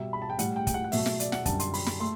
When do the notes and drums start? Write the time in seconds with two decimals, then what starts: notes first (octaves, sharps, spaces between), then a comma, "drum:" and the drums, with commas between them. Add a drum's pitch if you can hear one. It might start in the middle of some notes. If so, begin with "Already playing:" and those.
Already playing: B2 G3 E5
0.13 B5
0.22 A5
0.30 G5
0.39 A2 G3 F#5, drum: hi-hat
0.56 G5
0.67 G5, drum: kick, hi-hat
0.74 F#5
0.84 F#5
0.92 B2 F#3 A3 E5, drum: open hi-hat
1.06 E5, drum: snare
1.20 D5, drum: hi-hat
1.32 F#5, drum: snare
1.46 F#2 D3 G3 A5, drum: kick, hi-hat
1.60 C6, drum: hi-hat
1.74 B5, drum: open hi-hat
1.86 B5, drum: snare
2.00 A3 C6